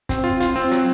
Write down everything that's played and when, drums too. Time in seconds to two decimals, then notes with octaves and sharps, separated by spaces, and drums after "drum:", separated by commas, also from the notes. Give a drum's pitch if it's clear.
0.09 C4, drum: kick, hi-hat
0.24 F4
0.40 F4, drum: hi-hat
0.56 C4
0.71 F#3, drum: hi-hat